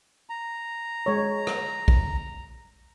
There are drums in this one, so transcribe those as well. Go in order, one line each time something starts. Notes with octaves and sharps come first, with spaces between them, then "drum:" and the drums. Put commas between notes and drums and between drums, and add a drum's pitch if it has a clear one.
A#5
G#3 C#5
drum: rim click
drum: kick A#1